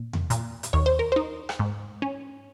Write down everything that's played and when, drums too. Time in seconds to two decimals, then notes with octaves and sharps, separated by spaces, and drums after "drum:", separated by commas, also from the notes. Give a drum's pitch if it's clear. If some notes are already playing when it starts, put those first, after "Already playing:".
Already playing: A#2
0.13 drum: tom E2
0.30 A#2, drum: hi-hat
0.63 drum: hi-hat
0.73 D#2 C#5
0.86 C5
0.99 A#4
1.12 D#4 C5
1.49 drum: rim click
1.59 G#2
2.02 C#4